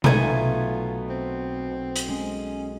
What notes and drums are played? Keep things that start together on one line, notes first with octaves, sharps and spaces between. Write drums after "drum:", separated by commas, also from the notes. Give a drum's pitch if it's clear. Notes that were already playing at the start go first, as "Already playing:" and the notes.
B1 G#3 A3 G#5, drum: tom B2
B2 F4
C4
drum: hi-hat
G#3 C#4